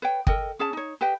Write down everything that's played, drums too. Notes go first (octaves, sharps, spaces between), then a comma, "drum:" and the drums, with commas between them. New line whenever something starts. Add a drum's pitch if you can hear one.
B4 C#5 G5
A4 A#4 D#5 G5, drum: kick
C#4 G#4 C#5 A5
D#4 C#5
G4 B4 D#5 G5